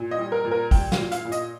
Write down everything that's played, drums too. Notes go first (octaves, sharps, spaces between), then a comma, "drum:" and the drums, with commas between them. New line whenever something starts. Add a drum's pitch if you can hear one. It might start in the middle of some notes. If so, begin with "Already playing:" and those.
Already playing: A#2
D#5
G3
A#4
A#2
A#4
G3 G5, drum: kick, open hi-hat
F5, drum: snare
A#2
F5, drum: hi-hat
A#2
D#5, drum: hi-hat